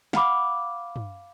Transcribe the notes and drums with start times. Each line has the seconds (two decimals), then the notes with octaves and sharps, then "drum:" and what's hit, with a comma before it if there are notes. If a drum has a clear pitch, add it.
0.13 F5 F#5 B5 D6, drum: snare
0.96 drum: tom